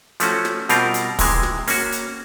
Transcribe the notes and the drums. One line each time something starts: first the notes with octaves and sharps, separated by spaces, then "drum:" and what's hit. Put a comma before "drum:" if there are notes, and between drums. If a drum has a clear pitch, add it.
F3 A3 C#4 F#4, drum: hi-hat
drum: snare
B2 G3 C4 F4 A#4, drum: hi-hat
drum: hi-hat
C3 E3 G#3, drum: kick, open hi-hat
drum: snare
A#3 C#4 F#4, drum: open hi-hat
drum: hi-hat